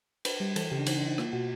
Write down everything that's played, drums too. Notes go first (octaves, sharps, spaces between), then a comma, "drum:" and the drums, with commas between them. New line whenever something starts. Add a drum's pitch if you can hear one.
D4 B4, drum: cymbal
G3
E3 A4, drum: cymbal
C#3 G4
D4
E3 D#4, drum: cymbal
D4
E3
D#4
A#3 F4, drum: rim click
B2 F#4